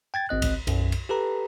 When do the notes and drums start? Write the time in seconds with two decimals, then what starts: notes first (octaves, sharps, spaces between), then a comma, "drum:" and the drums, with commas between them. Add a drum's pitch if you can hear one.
0.14 G5 G#6 A6
0.29 G#1 C4 D#5 F#6
0.42 drum: kick C2, cymbal
0.67 B1 F#2, drum: cymbal
0.92 drum: cymbal
1.09 G4 A4 B4 A#5